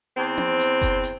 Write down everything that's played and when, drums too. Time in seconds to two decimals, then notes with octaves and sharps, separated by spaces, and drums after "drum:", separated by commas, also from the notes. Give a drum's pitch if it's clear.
0.16 E2 C4
0.38 drum: tom C4
0.60 drum: hi-hat
0.82 drum: kick F#1, hi-hat
1.03 drum: hi-hat